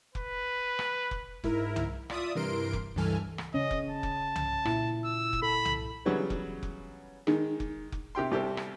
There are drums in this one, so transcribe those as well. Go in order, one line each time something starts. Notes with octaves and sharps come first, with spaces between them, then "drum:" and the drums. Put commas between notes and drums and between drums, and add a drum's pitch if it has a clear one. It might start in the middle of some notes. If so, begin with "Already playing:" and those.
B4, drum: kick F1
drum: rim click
drum: kick F1
G#2 E4 A#4, drum: kick F1
drum: tom C2
F4 D5 E5 D#6, drum: rim click
G2 C3 E3 A#4 C6 D7
drum: kick F1
C#2 G2 E3 A4 G#5 F6
drum: rim click
C#3 C#4 D#5
drum: kick F1
A5
drum: kick F1
drum: tom C2
A#2 E4, drum: rim click
E6
drum: kick F1
A4 B5
drum: tom C2
C#3 E3 F#3 G3 B3
drum: kick F1
drum: kick F1
D#3 G#3, drum: rim click
drum: kick F1
drum: kick F1
C3 G4 G5 C6
C2 C3 G4 A4 C5
drum: rim click